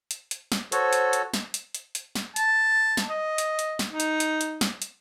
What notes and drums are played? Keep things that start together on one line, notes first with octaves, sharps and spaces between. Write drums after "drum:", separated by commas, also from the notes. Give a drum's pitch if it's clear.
drum: hi-hat
drum: hi-hat
drum: snare
F#4 A4 C5 C#5, drum: hi-hat
drum: hi-hat
drum: hi-hat
drum: snare
drum: hi-hat
drum: hi-hat
drum: hi-hat
drum: snare
A5, drum: hi-hat
drum: snare
D#5
drum: hi-hat
drum: hi-hat
drum: snare
D#4
drum: hi-hat
drum: hi-hat
drum: hi-hat
drum: snare
drum: hi-hat